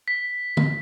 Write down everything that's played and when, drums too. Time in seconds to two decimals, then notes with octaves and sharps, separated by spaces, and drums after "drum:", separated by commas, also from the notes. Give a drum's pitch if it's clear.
0.08 B6
0.57 drum: tom D3